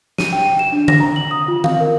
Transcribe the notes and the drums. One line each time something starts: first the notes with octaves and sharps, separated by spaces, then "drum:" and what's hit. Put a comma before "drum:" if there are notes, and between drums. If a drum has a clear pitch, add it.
D#7, drum: snare
G5
G5
E7
D4
A#6, drum: tom D3
A#5
F#7
D#6
F4
F5, drum: tom D#3
A#4